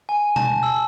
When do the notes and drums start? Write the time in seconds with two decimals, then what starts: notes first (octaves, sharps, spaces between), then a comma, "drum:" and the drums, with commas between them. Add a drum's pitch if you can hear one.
0.09 G#5
0.36 A5, drum: tom B2
0.63 E6